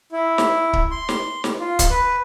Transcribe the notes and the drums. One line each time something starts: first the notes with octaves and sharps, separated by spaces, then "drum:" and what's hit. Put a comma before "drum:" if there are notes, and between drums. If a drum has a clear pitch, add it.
E4
drum: snare
drum: kick
C6
drum: snare
drum: snare
F4
drum: kick, hi-hat
B4